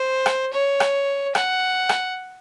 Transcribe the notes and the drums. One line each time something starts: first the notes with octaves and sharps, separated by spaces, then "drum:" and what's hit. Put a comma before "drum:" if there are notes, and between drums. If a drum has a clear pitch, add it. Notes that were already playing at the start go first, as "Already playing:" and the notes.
Already playing: C5
drum: rim click
C#5
drum: rim click
F#5, drum: rim click
drum: rim click